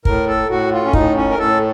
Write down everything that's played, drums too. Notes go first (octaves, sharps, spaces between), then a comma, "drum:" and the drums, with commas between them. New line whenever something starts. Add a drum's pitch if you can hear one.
A2 A#4, drum: kick
A4
A2 F#4
F4
C#4
A2 D#4, drum: kick
C#4
A#4
A2 A4